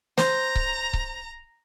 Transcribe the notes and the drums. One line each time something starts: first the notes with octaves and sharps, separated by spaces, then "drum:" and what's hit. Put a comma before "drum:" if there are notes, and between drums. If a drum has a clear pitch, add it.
C5 A#5, drum: snare
drum: kick C#1
drum: kick C#1